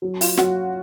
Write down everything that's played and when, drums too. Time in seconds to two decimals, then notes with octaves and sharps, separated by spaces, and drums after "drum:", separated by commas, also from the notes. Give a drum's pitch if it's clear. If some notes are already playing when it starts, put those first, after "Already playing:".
0.02 F#3
0.21 F4, drum: open hi-hat
0.37 F#3 F#4, drum: snare